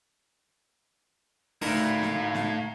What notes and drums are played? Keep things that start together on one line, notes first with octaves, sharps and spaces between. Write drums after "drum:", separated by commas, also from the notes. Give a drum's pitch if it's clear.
D2 A2 D#4 A#4 F5 A#5 G#6, drum: open hi-hat
drum: snare
drum: snare